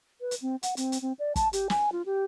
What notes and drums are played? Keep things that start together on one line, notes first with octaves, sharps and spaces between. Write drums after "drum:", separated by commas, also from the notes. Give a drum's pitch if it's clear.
B4
drum: hi-hat
C4
F#5, drum: hi-hat
C4, drum: hi-hat
drum: hi-hat
C4
D5
A5, drum: kick, hi-hat
G4, drum: hi-hat
G#5, drum: snare
F4
G4